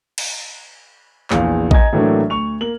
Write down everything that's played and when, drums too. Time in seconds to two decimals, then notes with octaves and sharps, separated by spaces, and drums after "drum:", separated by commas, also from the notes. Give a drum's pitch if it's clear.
0.18 drum: cymbal
1.30 A#1 E2 E3 F5, drum: clap
1.71 D#5 G#5 A#5 G#6, drum: kick A1
1.93 A2 E3 F#3 A3 A#3 D4
2.30 D2 C#6 F7
2.61 A#3 F#7